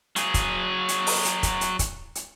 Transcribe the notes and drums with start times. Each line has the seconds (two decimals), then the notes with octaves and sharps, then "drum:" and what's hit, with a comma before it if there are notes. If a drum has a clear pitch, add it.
0.16 F#3 G#4, drum: hi-hat
0.34 drum: kick, hi-hat
0.89 drum: hi-hat
1.07 drum: open hi-hat
1.25 drum: hi-hat
1.43 drum: kick, hi-hat
1.61 drum: hi-hat
1.79 drum: kick, hi-hat
2.15 drum: hi-hat